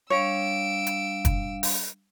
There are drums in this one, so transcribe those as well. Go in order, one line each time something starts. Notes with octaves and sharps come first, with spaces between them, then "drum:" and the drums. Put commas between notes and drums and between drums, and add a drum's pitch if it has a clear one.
G3 D4 C#5 F5 E6 D7
drum: hi-hat
drum: kick, hi-hat
drum: open hi-hat